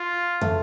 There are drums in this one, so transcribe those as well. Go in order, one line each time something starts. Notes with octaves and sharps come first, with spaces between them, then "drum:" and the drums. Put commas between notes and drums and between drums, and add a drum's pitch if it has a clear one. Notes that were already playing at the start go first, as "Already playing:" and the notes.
Already playing: F4
A3, drum: tom